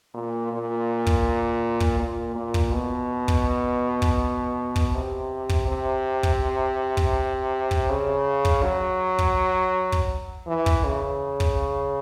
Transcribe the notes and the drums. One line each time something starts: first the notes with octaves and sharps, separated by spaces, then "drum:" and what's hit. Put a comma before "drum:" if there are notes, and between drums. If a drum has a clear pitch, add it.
A#2
A#2
drum: kick
drum: kick
A#2
A#2
drum: kick
B2
drum: kick
drum: kick
drum: kick
C3
drum: kick
C3
drum: kick
drum: kick
drum: kick
C#3
drum: kick
F#3
drum: kick
drum: kick
E3
drum: kick
C#3
drum: kick